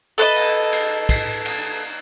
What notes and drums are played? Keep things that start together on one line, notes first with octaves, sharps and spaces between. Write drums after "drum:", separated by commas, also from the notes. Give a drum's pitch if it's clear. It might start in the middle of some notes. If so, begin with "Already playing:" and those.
A4 B4 D5 D#5
drum: cymbal
drum: cymbal
drum: kick, cymbal
drum: cymbal